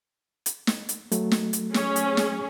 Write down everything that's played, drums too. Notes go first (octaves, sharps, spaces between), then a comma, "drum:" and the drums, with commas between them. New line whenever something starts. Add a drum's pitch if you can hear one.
drum: hi-hat
drum: snare
drum: hi-hat
F#3 A3, drum: hi-hat
drum: snare
drum: hi-hat
C#4 G#4, drum: snare
drum: hi-hat
drum: snare